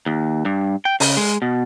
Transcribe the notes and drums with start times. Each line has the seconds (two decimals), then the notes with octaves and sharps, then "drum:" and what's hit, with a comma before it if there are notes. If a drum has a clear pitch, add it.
0.06 D#2
0.45 G2
0.85 G5
1.00 C#3, drum: open hi-hat
1.17 G#3
1.42 B2